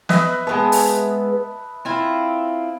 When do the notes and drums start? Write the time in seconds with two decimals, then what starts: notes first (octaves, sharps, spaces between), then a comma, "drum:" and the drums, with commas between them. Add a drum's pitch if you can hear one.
0.09 B4 D#5 E5, drum: snare
0.47 G#3 B3 B4 A5
0.72 drum: open hi-hat
1.85 C4 E4 F4